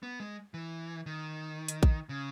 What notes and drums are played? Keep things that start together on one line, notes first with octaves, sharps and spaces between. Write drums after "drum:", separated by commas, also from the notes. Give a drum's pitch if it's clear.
B3
G#3
E3
D#3
drum: hi-hat
drum: kick A#1
C#3